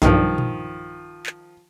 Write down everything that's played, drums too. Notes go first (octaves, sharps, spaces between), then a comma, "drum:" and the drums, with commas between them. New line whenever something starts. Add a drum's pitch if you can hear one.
B1 G2 D#3 F3, drum: snare
drum: tom A#2
drum: clap